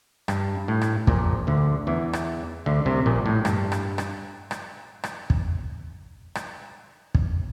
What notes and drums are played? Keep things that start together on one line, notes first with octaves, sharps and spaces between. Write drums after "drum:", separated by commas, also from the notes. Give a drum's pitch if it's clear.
G2, drum: rim click
A2
drum: rim click
A#1 A#2, drum: kick
D2 D3
E2 E3
drum: rim click
D2 D3
C2 C3
A#1 A#2
A2
G2, drum: rim click
drum: rim click
drum: rim click
drum: rim click
drum: rim click
drum: kick
drum: rim click
drum: kick